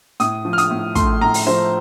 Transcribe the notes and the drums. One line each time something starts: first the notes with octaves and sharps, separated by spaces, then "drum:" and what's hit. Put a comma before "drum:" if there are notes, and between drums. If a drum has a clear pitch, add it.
A2 D#6, drum: hi-hat
F3
F6
D#6, drum: hi-hat
A2
A3 C6, drum: kick, hi-hat
A2 A#5
drum: open hi-hat
F3 C5